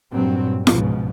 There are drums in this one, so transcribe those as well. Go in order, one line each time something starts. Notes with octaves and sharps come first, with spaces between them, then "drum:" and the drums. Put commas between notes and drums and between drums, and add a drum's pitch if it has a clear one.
G2 A#2 F#3 C4
C#2 G#2 B2 F3, drum: snare